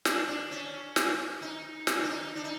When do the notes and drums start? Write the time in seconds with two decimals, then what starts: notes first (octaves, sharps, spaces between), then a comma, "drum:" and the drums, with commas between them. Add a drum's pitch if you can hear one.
0.05 D4, drum: snare
0.28 D4
0.51 C#4
0.96 drum: snare
1.42 D#4
1.87 drum: snare
2.03 D4
2.10 D#4
2.36 D4
2.44 D#4